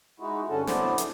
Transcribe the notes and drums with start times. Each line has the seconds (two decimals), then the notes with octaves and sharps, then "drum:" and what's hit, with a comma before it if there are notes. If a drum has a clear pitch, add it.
0.20 G#3 D#4 E4 F#4
0.49 G2 D3 C#4 F#4 A4
0.67 A2 B3 D4 E4 C5 D5, drum: snare
0.98 drum: hi-hat